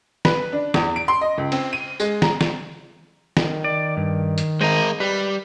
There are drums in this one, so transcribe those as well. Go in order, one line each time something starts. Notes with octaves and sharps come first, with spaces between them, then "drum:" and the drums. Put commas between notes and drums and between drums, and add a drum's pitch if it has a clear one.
B4, drum: snare
D4
E2, drum: snare
D7
C6
D#5
C#2
C4, drum: cymbal
D#7
G#3, drum: tambourine
A#5, drum: snare
drum: snare
D#3, drum: snare
D5
G2
drum: hi-hat
G#3 A#4 C5 D#5
G3 B4